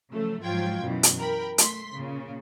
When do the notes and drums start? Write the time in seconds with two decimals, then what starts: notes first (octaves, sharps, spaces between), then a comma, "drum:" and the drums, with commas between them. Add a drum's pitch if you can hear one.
0.13 C#3 F3 F#3 A3
0.42 G#2 F3 F#3 F4 G5 G#6
0.83 F#2 B2 E3
1.03 drum: hi-hat
1.18 A#4 G5 B5
1.58 A3 C6 B6, drum: hi-hat
1.93 A#2 C#3